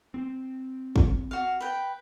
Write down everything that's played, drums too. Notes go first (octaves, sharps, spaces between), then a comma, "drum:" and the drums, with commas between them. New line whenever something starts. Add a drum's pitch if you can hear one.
C4
drum: kick
F#4 F5
B4 G5